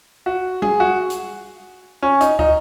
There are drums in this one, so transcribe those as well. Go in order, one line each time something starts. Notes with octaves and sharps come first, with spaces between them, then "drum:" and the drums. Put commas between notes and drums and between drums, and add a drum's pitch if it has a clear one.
F#4
G#4, drum: tom G3
F#4
drum: hi-hat
C#4
D#4, drum: hi-hat
D#4, drum: kick